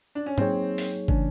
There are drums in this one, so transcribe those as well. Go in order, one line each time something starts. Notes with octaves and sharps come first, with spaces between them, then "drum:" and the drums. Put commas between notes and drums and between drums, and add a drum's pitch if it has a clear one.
D4
C#4
F#3 A#3 C4 D#4 G#4 C#5, drum: tom
drum: open hi-hat
C#3 E3 A3 C#4 D4, drum: kick